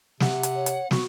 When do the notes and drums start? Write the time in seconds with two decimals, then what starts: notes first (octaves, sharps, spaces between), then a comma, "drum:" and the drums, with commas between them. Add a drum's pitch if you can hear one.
0.20 C3 F#5, drum: snare
0.43 drum: hi-hat
0.55 C#5
0.66 drum: hi-hat
0.91 B3 F#4 C#6, drum: snare